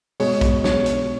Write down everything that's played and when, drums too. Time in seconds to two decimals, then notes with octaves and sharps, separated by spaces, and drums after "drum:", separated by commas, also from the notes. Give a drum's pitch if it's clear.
0.20 B2 G#3 C#5, drum: open hi-hat
0.41 drum: kick A#1, hi-hat
0.64 C#5, drum: snare
0.86 drum: hi-hat